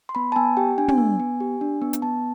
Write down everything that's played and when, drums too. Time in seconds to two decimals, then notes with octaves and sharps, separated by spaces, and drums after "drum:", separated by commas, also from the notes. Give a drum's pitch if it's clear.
0.09 C6
0.15 B3 B5
0.32 A5
0.36 B3 G#5
0.57 G4 G5
0.78 D4 G#5
0.88 drum: tom
0.98 B3
1.20 B3
1.40 G4
1.61 D4
1.82 B3
1.93 drum: hi-hat
2.02 B3 A5